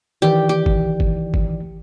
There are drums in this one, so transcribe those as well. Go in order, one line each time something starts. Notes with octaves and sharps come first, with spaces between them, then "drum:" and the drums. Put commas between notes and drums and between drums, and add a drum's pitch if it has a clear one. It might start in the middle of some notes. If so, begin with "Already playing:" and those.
D#3 E3 G4 D5
G4
drum: kick
drum: kick
drum: kick